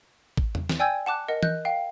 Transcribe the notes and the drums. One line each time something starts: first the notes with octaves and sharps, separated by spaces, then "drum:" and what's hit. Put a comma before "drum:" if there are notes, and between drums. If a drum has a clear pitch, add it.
drum: kick
drum: tom E2
drum: snare
D5 G5 G#5 E6 G6 G#6
F#5 A5 D6 F#6
A#4 D#5 F#5
D#5 F#6 G6, drum: tom E3
F5 G5